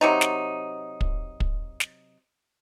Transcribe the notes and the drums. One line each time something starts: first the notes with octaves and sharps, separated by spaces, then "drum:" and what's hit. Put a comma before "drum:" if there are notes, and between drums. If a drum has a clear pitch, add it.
C3 F#3 D#4
drum: snare
drum: kick
drum: kick
drum: snare